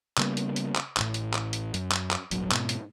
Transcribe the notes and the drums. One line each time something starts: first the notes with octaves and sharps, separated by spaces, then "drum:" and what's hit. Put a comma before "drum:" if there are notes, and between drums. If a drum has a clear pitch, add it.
C#3 G3 A#3 B3, drum: clap
drum: hi-hat
drum: hi-hat
drum: clap
A1 A2, drum: clap
drum: hi-hat
drum: clap
drum: hi-hat
F#2, drum: hi-hat
drum: clap
drum: clap
D#1 G#1 F#3, drum: hi-hat
G#2 B2, drum: clap
drum: hi-hat